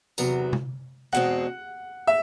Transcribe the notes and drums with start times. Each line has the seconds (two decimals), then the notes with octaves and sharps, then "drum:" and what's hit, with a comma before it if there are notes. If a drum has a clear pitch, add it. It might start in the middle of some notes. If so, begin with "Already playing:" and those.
0.18 E2 C3 D#3 F#3 B3, drum: tambourine
0.53 drum: tom
1.12 E2 B2 G#3 C4 F#5
2.07 E5